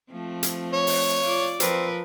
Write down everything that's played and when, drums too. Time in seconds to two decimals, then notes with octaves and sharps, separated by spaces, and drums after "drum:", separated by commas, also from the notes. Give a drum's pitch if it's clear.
0.11 F3 A3 C4
0.43 drum: hi-hat
0.73 C#5
0.87 drum: open hi-hat
1.23 F4 D5
1.60 F3 C4 A#4 B4, drum: hi-hat